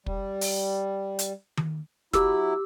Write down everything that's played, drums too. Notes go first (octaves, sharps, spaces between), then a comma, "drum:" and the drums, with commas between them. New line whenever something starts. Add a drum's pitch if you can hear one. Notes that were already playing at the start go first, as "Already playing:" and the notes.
G3, drum: kick
drum: open hi-hat
drum: hi-hat
drum: tom D#3
F#3 E4 G4 E6, drum: snare